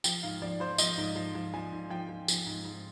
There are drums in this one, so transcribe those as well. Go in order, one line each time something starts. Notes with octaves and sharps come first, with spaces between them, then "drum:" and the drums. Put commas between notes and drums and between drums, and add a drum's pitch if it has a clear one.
F3 G5, drum: tambourine
G#2 F5
F3 D5
F3 C5
F3 D#5, drum: tambourine
G#2
F3
F3
F3 G#5
G#2
F3 G5
F3
F3, drum: tambourine
G#2
G#2